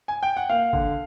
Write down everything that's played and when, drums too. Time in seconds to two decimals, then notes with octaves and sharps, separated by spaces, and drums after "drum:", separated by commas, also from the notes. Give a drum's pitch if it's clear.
0.08 G#5
0.23 G5
0.37 F#5
0.49 A#3 F5
0.73 D3, drum: kick G1